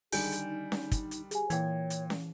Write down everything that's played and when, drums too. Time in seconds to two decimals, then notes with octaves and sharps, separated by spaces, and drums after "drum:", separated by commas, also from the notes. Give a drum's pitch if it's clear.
0.12 D3 D#3 G3 G#4 G#5 G6 D7, drum: open hi-hat
0.32 drum: hi-hat
0.48 D#4
0.72 drum: snare C#4
0.91 drum: kick, hi-hat
1.11 drum: hi-hat
1.31 G4 G#4 G#5, drum: hi-hat
1.50 A#2 E3 C#5 G5 G#6, drum: hi-hat
1.90 drum: hi-hat
2.10 drum: snare C#4